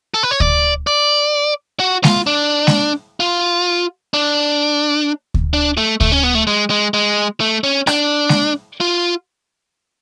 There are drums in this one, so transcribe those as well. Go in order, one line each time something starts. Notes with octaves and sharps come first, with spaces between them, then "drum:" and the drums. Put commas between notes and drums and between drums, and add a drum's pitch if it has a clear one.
A4
B4
C#5
D5, drum: kick D2
D5
F#4
F4, drum: snare G#3
D4
drum: snare G#3
F4
D4
drum: kick D2
D4
A3
A3, drum: kick D2
C#4
B3
A3
G#3
G#3
G#3
A3
C#4
D4, drum: rim click
drum: snare G#3
F4